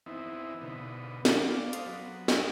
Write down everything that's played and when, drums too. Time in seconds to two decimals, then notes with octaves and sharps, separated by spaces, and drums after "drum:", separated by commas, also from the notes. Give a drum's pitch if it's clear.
0.06 E3 B3 C4 D#4 E4
0.61 B2 D3 B3 D#4
1.25 D5 F5, drum: snare
1.73 A4 C5 D#6, drum: hi-hat
1.86 F#3 B3
2.28 drum: snare